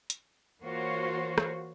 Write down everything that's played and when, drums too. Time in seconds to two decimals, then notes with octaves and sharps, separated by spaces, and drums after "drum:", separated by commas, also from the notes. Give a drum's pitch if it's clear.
0.10 drum: hi-hat
0.62 E3 A#3 F4 F#4 C5 C#5
1.38 drum: rim click